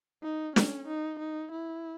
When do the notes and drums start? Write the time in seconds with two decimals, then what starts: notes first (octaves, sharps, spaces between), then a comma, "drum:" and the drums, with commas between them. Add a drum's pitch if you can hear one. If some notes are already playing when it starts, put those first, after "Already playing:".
0.23 D#4
0.56 C#4, drum: snare
0.88 D#4
1.19 D#4
1.52 E4